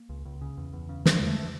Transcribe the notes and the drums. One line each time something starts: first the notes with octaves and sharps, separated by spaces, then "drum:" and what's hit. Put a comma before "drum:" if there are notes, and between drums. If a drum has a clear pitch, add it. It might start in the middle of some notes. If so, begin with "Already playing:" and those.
Already playing: A#3
C#2
C#2
C#3
E2
E2
C#3
C#3 G#3, drum: snare
E2
A3